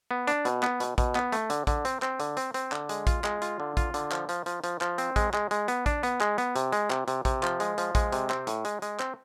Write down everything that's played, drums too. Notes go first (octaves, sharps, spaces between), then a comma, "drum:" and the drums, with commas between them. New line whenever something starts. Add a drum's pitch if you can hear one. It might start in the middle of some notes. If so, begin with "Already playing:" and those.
B3
D4, drum: hi-hat
B2, drum: hi-hat
B3, drum: clap
B2, drum: hi-hat
B2, drum: kick A#1, hi-hat
B3, drum: clap
A3, drum: hi-hat
D3, drum: hi-hat
D3, drum: kick A#1, hi-hat
C4, drum: hi-hat
C4, drum: clap
D3, drum: hi-hat
C4, drum: hi-hat
C4, drum: hi-hat
D3, drum: clap
G#3, drum: hi-hat
F4, drum: kick A#1, hi-hat
G#3, drum: clap
F4, drum: hi-hat
D3
F4, drum: kick A#1, hi-hat
D3, drum: hi-hat
F3, drum: clap
F3, drum: hi-hat
F3, drum: hi-hat
F3, drum: hi-hat
F3, drum: clap
C4, drum: hi-hat
G#3, drum: kick A#1, hi-hat
G#3, drum: clap
G#3, drum: hi-hat
B3, drum: hi-hat
D4, drum: kick A#1, hi-hat
B3, drum: hi-hat
G#3, drum: clap
B3, drum: hi-hat
C3, drum: hi-hat
G#3, drum: hi-hat
C3, drum: clap
C3, drum: hi-hat
C3, drum: kick A#1, hi-hat
F3, drum: clap
G#3, drum: hi-hat
F3, drum: hi-hat
G#3, drum: kick A#1, hi-hat
C3, drum: hi-hat
C4, drum: clap
A2, drum: hi-hat
G#3, drum: hi-hat
G#3, drum: hi-hat
C4, drum: clap